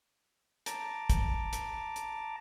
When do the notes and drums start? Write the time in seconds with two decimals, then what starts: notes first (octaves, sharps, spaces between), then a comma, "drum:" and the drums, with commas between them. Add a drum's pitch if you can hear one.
0.66 A5 A#5 D6, drum: hi-hat
1.10 drum: kick, hi-hat
1.53 drum: hi-hat
1.96 drum: hi-hat